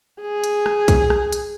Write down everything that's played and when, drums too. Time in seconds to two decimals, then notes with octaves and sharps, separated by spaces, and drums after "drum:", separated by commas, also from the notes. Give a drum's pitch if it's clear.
0.21 G#4
0.44 drum: hi-hat
0.66 drum: rim click
0.88 drum: kick, hi-hat
1.10 drum: rim click
1.32 drum: hi-hat